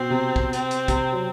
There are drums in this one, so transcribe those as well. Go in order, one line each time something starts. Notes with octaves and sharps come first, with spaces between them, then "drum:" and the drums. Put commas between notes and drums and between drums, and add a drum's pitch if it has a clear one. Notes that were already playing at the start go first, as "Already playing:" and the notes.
Already playing: B2 C4
C3
drum: kick
C4, drum: hi-hat
drum: hi-hat
C3, drum: kick, hi-hat
F#3